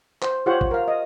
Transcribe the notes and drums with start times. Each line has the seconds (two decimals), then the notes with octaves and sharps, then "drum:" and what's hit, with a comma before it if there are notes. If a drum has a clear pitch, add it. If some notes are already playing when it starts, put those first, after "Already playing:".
0.22 C5, drum: clap
0.46 F4 G4 C5 C#5 F#5
0.61 drum: kick G#1
0.71 A#4 F5
0.88 D#5